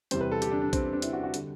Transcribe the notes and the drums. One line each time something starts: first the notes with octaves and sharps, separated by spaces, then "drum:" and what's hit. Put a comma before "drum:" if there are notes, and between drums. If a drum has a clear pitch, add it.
E2 C3 G3 C5, drum: hi-hat
B4
A4
G4, drum: hi-hat
D4
D4
C4, drum: kick A#1, hi-hat
D4
E4, drum: hi-hat
F#4
F#4
D3 G3, drum: hi-hat